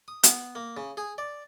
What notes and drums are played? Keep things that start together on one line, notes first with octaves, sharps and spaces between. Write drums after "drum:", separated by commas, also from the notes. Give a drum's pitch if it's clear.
D#6
B3, drum: hi-hat
A#3
C#3
G#4
D5